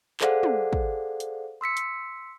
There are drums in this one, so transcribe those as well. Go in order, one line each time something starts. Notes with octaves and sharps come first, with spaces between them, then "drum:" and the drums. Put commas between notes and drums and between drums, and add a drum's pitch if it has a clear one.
G#4 A4 C5 D5 F5 F#5, drum: clap
drum: tom
drum: kick
drum: hi-hat
C6 E6 B6 C#7
drum: hi-hat